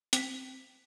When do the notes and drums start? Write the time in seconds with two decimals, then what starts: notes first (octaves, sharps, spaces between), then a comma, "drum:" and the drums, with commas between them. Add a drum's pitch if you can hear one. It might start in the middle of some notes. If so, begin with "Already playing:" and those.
0.13 C4 B6, drum: hi-hat